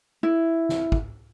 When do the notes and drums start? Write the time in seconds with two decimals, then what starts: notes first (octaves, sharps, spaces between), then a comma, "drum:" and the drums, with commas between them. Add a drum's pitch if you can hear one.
0.23 E4
0.69 drum: snare
0.92 drum: kick